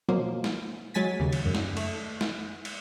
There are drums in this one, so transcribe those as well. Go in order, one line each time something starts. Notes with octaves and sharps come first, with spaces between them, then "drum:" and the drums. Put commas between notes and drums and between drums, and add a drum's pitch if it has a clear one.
B2 F3 F#3 A#3
drum: snare
F#3 G#3 G#5 A6 B6
D#2 C#3
drum: cymbal
F#2
drum: snare
A3, drum: cymbal
drum: snare
drum: cymbal